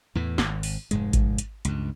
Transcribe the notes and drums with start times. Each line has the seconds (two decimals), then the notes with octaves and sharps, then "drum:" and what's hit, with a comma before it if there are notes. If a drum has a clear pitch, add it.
0.15 E2 A2 E3
0.38 G#1, drum: snare
0.63 drum: open hi-hat
0.91 F1 G#2 G#3, drum: hi-hat
1.13 drum: kick G#1, hi-hat
1.38 drum: hi-hat
1.65 C#2 G2, drum: hi-hat